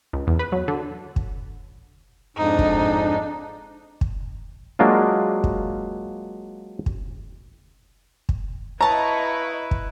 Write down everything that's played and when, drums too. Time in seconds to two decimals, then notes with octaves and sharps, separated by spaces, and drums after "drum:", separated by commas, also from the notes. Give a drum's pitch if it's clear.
0.13 C#2
0.27 E2
0.39 B4
0.52 F#3
0.68 D3
1.16 drum: kick
2.37 F2 G#2 D4 D#4
2.59 drum: kick
4.01 drum: kick
4.79 F#3 G#3 A#3 D4 F4
5.44 drum: kick
6.86 drum: kick
8.29 drum: kick
8.81 E4 B4 C#5 D#5 F5 A5 A#5 C#6
9.71 drum: kick